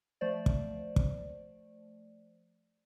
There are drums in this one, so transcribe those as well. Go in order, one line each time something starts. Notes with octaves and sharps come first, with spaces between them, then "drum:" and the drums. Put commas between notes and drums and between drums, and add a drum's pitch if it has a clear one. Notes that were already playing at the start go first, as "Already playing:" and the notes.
F3 A3 C5 D5
drum: kick
drum: kick